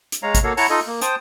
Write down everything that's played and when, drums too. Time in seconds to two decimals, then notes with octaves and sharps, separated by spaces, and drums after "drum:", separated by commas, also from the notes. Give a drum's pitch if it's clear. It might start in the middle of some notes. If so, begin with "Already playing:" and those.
0.12 drum: hi-hat
0.23 G#3 C#5 F5 A#5
0.35 drum: kick, hi-hat
0.44 A#3 F#4 A4 C#5 F5
0.57 E4 C#5 F#5 A5 A#5, drum: open hi-hat
0.70 D#4 F4 A4 D#5
0.87 A#3
1.01 C5 G5 A5 D#6, drum: hi-hat